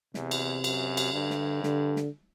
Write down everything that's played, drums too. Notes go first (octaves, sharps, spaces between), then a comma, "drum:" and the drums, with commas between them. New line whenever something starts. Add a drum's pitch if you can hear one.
E2 C3, drum: snare
drum: cymbal
F#2, drum: cymbal
drum: cymbal
G2 D3
drum: snare
D3, drum: snare
drum: snare